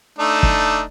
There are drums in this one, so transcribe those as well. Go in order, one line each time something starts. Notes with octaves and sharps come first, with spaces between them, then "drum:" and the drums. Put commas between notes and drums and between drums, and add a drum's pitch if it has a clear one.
A3 D4 D#4
drum: kick